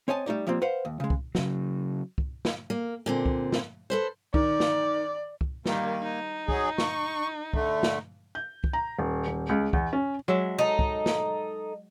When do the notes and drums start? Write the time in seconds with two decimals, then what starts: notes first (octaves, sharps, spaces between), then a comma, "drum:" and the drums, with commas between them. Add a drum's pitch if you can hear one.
0.08 C4 C#5 D#5 G#5 A5
0.26 G3 A3 D#4 D5
0.47 F3 G3 A#3 C4
0.62 B4 C5 F5 F#5
0.85 D#2
1.00 C#3 G#3
1.10 drum: kick
1.35 C#3 F#3, drum: snare
2.18 drum: kick
2.45 drum: snare
2.70 A#3
3.06 A#2 D3 C4
3.26 drum: kick
3.52 drum: snare
3.90 A4 B4 C5
4.34 D#3 D5, drum: kick
4.60 drum: snare
5.41 drum: kick
5.66 D#3 G3 A#3, drum: snare
6.03 D#4
6.48 F#3 G#4, drum: kick
6.78 C#6, drum: snare
7.53 D3 A3, drum: kick
7.83 drum: snare
8.35 G6
8.64 drum: kick
8.73 A#5
8.99 D#1
9.27 D#1
9.49 C#2
9.73 E2, drum: kick
9.93 C#4
10.28 F#3 G#3 E5
10.59 D#4 A4
10.79 drum: kick
11.06 drum: snare